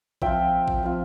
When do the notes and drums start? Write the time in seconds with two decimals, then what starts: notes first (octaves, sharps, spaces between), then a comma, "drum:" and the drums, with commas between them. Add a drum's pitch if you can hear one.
0.22 F3 C4 F4 E5 G5, drum: kick A1
0.68 drum: kick A1
0.83 F3 C4 F4